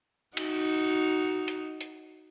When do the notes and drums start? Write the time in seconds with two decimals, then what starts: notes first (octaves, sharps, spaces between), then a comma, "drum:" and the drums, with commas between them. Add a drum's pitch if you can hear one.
0.37 D#4 F#4, drum: cymbal
1.48 drum: hi-hat
1.81 drum: hi-hat